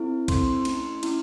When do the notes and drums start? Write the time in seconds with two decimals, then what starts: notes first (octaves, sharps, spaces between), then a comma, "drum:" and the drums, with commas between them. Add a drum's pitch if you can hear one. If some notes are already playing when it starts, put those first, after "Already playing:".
Already playing: C4 E4 A4
0.28 C4 E4 A4 C6, drum: kick B1, cymbal
0.65 A3 C#4 E4, drum: cymbal
1.03 A3 C#4 E4, drum: cymbal